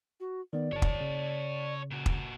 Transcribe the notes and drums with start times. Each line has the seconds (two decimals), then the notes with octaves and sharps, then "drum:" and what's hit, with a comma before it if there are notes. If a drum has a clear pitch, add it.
0.20 F#4
0.53 D#3 B3 D5
0.72 G1 C#5 A5
0.82 drum: kick
1.01 C#3
1.91 A#2 F#4
2.06 drum: kick